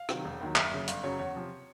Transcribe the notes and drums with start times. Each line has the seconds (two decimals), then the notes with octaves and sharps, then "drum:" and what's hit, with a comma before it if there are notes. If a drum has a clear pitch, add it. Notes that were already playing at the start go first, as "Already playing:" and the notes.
Already playing: F5
0.09 C3 D#3 F#3, drum: rim click
0.25 E1
0.41 D#2 D#3 F#3
0.56 F#1 E5, drum: clap
0.71 F#2 C#3
0.88 G1 F5, drum: hi-hat
1.03 F#2 C#3 F#3 C#5
1.19 E2 C#5
1.35 C3 F3